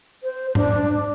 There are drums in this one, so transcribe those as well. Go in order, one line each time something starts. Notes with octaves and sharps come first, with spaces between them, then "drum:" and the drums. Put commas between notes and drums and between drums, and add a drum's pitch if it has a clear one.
C5
D4, drum: tom G#2